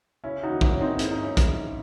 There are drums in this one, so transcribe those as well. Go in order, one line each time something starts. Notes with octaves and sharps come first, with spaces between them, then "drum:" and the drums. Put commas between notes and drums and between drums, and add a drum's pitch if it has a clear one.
C#3 C#4 E4
D#4 F#4
D#2
C#4 E4, drum: kick
D#2 C#4
C4 D#4
G#2 E4, drum: hi-hat
D#4
G#1 C#4 E4
drum: kick, hi-hat
G#1